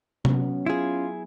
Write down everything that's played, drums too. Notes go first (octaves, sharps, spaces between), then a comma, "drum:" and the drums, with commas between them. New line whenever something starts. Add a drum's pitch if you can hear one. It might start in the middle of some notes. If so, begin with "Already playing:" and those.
F#3 B3 C#4, drum: tom C3
E4 F4 G#4